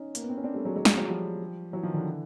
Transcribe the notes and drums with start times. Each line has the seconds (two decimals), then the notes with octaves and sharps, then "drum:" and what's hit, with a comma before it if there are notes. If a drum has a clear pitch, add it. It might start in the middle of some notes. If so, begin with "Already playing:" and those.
Already playing: C#4 D#4
0.15 A#3, drum: hi-hat
0.22 B3
0.29 C4
0.37 C#4
0.44 C4 D4
0.54 G3 A3
0.65 F#3 G#3
0.76 F#3 G#3
0.85 drum: snare
0.97 F#3
1.08 F3 G3
1.73 E3 F#3
1.83 D#3 F3
1.94 D3 E3